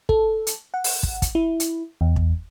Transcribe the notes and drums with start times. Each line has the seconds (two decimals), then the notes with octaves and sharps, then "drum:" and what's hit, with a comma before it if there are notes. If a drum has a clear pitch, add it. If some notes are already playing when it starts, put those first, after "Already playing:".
0.09 A4, drum: kick
0.47 drum: hi-hat
0.74 F#5
0.84 drum: open hi-hat
1.03 drum: kick
1.22 drum: kick, hi-hat
1.35 E4
1.60 drum: hi-hat
2.01 E2
2.16 drum: kick